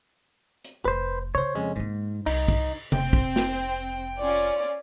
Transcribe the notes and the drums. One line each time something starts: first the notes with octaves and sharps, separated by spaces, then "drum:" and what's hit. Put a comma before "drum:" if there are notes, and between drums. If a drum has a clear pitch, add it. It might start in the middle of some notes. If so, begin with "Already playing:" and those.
drum: hi-hat
F1 B4 C5
C#3 C5 C#5
F2 G#3 C#4
G#2 G#3 A#3
C2 D#4, drum: cymbal
drum: kick
F1 C4 G5, drum: tom C3
drum: kick
drum: snare
C#4 F4 D5